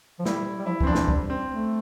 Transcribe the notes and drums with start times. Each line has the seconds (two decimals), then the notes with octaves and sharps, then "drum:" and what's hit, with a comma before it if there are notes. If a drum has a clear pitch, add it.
0.19 F3
0.25 G3 E4, drum: snare
0.58 G3
0.66 F3 E4
0.81 E3, drum: kick
0.83 C4
0.87 F3 D4
0.95 E3, drum: snare
1.08 G3, drum: kick
1.30 C4
1.50 A3